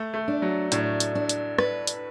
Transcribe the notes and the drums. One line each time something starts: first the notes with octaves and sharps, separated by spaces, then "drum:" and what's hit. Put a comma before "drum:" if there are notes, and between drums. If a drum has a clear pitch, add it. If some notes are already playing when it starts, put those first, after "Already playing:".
Already playing: A3
A3
D4
F#3
A2 D4, drum: hi-hat
drum: hi-hat
D4
drum: hi-hat
B4, drum: rim click
drum: hi-hat